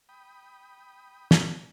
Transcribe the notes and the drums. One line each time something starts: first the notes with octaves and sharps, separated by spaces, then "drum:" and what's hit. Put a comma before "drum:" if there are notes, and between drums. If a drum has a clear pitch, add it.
G5 B5 D#6
drum: snare